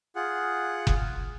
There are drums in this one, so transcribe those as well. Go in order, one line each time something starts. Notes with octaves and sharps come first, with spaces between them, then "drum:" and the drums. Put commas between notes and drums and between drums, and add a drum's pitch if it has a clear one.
F4 G#4 F#5
drum: kick F#1